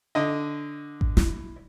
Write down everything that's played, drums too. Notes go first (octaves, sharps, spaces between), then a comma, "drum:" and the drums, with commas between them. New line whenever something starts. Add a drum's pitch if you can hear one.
D3 D#5
drum: kick A1
E4, drum: snare